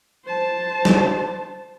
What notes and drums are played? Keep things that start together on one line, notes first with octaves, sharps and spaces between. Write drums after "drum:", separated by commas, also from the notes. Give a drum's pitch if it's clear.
C5 A5
drum: snare